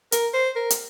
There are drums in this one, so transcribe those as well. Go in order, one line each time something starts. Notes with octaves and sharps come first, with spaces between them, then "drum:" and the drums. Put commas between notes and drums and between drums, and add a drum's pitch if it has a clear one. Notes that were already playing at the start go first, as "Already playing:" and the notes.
A#4, drum: hi-hat
C5
A#4
drum: hi-hat